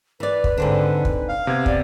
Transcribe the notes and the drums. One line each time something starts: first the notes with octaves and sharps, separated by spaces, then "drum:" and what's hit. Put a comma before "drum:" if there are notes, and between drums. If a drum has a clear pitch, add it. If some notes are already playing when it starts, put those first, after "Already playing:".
E3 B4 D5
drum: kick
G#2 D3 C4 D4
drum: kick
F5
C3 B3 G#6
D5, drum: kick